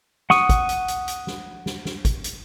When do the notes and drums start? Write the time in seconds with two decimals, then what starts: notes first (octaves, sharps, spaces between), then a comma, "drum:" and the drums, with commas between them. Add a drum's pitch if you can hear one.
0.30 F#5 C#6 D#6, drum: snare
0.49 drum: kick, hi-hat
0.69 drum: hi-hat
0.88 drum: hi-hat
1.08 drum: hi-hat
1.27 drum: snare
1.66 drum: snare
1.85 drum: snare
2.05 drum: kick, hi-hat
2.24 drum: hi-hat